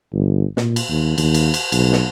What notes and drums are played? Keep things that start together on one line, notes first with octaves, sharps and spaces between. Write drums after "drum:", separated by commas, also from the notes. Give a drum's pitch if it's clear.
G1
A#2, drum: snare
drum: cymbal
D#2
D#2, drum: cymbal
drum: cymbal
drum: cymbal
B1, drum: cymbal
drum: snare